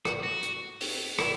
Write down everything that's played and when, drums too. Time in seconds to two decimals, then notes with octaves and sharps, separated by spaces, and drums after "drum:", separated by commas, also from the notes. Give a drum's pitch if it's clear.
0.05 F#4, drum: rim click
0.23 F#4
0.43 drum: hi-hat
0.81 drum: open hi-hat
1.19 E4, drum: rim click